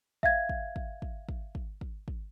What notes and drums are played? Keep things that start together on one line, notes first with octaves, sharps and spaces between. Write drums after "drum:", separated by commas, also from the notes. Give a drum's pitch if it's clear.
E5 F5 G#6, drum: kick
drum: kick
drum: kick
drum: kick
drum: kick
drum: kick
drum: kick
drum: kick